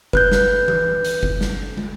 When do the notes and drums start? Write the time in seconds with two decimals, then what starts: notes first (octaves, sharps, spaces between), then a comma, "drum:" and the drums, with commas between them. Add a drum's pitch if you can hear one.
0.13 B4 F#6 G6, drum: kick F#1
0.32 drum: snare
0.68 drum: tom E3
1.05 drum: hi-hat
1.23 drum: kick F#1
1.41 drum: snare
1.77 drum: tom